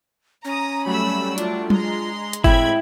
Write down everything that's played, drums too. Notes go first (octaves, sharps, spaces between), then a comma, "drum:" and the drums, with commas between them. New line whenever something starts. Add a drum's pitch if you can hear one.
C#4 A#5 D#6
F#3 G3 A3 B5 E6
D4 F4, drum: hi-hat
G#3 A#5 C6, drum: tom F#3
drum: hi-hat
A2 G#3 C4 E4 G5 B5 G#6, drum: kick G1